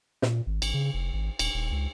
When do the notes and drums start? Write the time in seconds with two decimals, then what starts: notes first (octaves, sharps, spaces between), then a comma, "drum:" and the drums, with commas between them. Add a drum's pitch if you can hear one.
0.22 A#2, drum: snare
0.47 G#1
0.62 G#1, drum: cymbal
0.74 C#3
0.94 F1
1.13 G#1
1.39 D#1, drum: cymbal
1.54 D#1
1.72 C#2